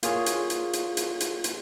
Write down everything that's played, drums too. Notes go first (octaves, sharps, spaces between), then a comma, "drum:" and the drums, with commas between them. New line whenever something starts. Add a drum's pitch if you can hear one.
A#3 F4 G#4 C#5, drum: hi-hat
drum: hi-hat
drum: hi-hat
drum: hi-hat
drum: hi-hat
drum: hi-hat
drum: hi-hat